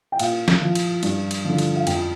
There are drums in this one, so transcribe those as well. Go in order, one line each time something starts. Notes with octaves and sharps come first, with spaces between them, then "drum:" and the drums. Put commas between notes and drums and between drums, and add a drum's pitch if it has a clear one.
G5
A#2 F5, drum: cymbal
drum: snare
F3
drum: cymbal
G2, drum: cymbal
drum: cymbal
D3 F3
drum: cymbal
F5
F2 G5, drum: cymbal